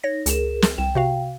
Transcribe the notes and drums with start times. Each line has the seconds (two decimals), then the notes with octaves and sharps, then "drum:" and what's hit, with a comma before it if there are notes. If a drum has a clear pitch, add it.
0.04 D#4 C#5 A#6
0.26 C#2 G#4 A#4 E7, drum: hi-hat
0.62 drum: snare
0.78 C2 G5 E7
0.95 C3 F#4 F5